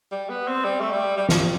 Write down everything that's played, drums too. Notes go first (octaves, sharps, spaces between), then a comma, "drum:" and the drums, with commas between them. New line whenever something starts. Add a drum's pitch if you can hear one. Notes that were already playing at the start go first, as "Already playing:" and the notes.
G3
B3
C4
G3
A3
G3
G3
F3, drum: snare